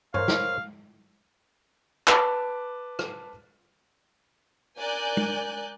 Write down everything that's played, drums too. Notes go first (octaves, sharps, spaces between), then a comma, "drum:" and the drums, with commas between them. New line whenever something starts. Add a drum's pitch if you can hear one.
A#4 C5 C#5 F5, drum: tom G2
drum: snare
B4 A5 D6, drum: clap
drum: rim click
A#4 D5 G#5 F#6 G6
drum: tom G#3